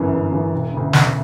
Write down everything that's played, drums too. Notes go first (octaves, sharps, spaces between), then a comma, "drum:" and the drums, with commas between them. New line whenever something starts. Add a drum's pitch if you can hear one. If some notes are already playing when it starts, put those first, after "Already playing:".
Already playing: G1 F#2 C#3 E3
G1
F#2 C#3 E3
E1
D2 C#3
E1, drum: snare